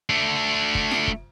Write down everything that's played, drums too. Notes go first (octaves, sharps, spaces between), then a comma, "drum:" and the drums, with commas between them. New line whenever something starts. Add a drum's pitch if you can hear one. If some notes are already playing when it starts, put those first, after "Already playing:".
A3 D4
drum: kick
drum: snare F4
drum: kick